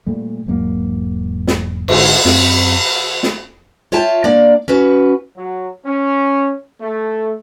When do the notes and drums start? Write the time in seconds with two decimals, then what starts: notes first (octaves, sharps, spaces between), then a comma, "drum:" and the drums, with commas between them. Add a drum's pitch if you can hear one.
0.06 A#2 G3 A3
0.46 E1 G#2 F#3 A#3
1.47 drum: snare
1.88 G1 G#2 D3, drum: cymbal
2.25 F#2 C4, drum: snare
3.23 drum: snare
3.92 F4 C#5 E5 G5 A5
4.24 A#3 D4 D5
4.68 C#4 F#4 B4
5.36 F#3
5.84 C#4
6.80 A3